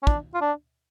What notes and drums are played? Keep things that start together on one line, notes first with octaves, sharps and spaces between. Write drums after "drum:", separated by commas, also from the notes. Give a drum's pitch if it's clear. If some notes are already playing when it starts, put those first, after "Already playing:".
C#4
D4, drum: kick
F4
D4